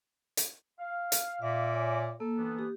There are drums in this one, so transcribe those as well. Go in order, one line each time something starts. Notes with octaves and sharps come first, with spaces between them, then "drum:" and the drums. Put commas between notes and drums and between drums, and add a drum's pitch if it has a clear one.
drum: hi-hat
F5
drum: hi-hat
A#2 E5 F5 D6
C#5 G#5
A#3 A4
D2 E3 B3
G4